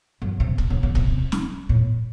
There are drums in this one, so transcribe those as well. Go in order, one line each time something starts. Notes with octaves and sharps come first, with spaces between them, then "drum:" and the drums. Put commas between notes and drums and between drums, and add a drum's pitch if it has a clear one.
F#2
C3
drum: kick
C#3
C#3
C3, drum: kick
drum: snare
A2